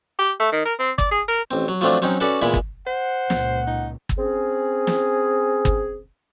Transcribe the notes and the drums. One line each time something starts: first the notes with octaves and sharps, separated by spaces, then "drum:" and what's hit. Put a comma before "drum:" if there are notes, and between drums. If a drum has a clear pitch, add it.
G4
A3
D#3
A#4
C4
D5, drum: kick G1
G#4
A#4
A1 C4
F#3
F3 F#3 A3 C4 D4 F4
F#3 C4 C#4 D#4
C#4 F#4 A4 B4 D5
E2 A#2 G#3 E4 B5
drum: kick G1
C5 F#5
C#2 A#2, drum: snare
D#4
drum: kick G1
C4 C#4 G#4
drum: snare
drum: kick G1